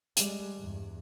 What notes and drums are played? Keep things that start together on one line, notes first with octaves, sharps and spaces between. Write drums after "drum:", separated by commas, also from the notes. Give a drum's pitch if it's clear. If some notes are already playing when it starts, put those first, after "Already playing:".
G3 G#3, drum: hi-hat
E2 G2